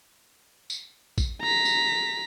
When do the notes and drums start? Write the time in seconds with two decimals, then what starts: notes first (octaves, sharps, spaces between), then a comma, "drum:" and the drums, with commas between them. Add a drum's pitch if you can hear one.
0.70 drum: tambourine
1.18 drum: kick, tambourine
1.41 A#5 B6
1.65 drum: tambourine